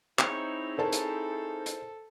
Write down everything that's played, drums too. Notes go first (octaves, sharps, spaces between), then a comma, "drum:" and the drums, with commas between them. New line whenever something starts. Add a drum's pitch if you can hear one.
C4 D#4 E4 G#4 C#5, drum: clap
A4 A#4 C5 A5
drum: hi-hat
drum: hi-hat